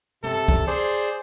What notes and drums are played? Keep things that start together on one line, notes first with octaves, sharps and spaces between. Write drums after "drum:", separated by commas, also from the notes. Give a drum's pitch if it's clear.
C3 A4, drum: tom
drum: kick
G#4 C5 D5